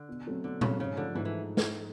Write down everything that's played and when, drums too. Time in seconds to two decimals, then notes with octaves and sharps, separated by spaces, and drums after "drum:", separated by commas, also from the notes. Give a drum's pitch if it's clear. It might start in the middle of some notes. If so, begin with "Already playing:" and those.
Already playing: D3
0.09 B2
0.26 F#3 A3 C4
0.44 B2 D3
0.61 C#3 F#3 A3 C4, drum: tom A#2
0.79 G#2 C#3
0.97 D3 F3 A3
1.15 G#2 E3
1.25 E3
1.57 drum: snare